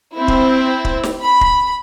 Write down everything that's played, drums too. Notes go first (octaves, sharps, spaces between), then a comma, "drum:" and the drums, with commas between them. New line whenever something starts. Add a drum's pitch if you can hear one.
C4 E4
drum: kick
drum: kick
drum: snare
B5
drum: kick